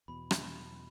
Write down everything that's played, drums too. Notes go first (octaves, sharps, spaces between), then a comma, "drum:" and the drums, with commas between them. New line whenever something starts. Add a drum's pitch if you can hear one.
E2 B2 B5
drum: rim click